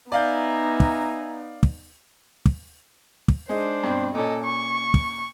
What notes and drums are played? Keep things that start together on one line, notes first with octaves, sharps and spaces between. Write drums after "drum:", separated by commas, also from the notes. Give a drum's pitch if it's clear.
B3 D#4 D5 E5 F5 G#5 A#5 G6
drum: kick
drum: kick
drum: kick
drum: kick
G#3 D4 D#4 C5
G2 B2 C4
A#2 C#4 A4 D#5
C#6
drum: kick